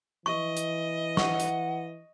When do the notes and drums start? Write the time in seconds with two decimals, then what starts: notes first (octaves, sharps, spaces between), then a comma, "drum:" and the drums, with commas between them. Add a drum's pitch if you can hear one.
0.26 E3 D#5 C#6
0.57 drum: hi-hat
1.17 F#5 C#6, drum: snare
1.40 drum: hi-hat